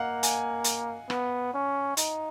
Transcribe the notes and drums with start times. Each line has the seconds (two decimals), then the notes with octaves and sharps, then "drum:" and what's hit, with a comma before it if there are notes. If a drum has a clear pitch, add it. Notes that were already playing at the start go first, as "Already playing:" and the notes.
Already playing: A#3 D#5 F5 F#5
0.23 G#5, drum: hi-hat
0.64 drum: hi-hat
1.10 B3, drum: rim click
1.54 C#4
1.97 D#4, drum: hi-hat